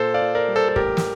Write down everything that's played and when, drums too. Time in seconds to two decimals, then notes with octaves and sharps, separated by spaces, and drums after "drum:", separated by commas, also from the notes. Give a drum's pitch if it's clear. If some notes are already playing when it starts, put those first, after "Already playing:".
Already playing: A#2 A4 C5
0.14 D5 F5
0.22 A#2
0.35 A#4 D5
0.48 G3
0.56 A4 C5
0.69 A4
0.76 A1 G4 A#4, drum: kick
0.97 drum: snare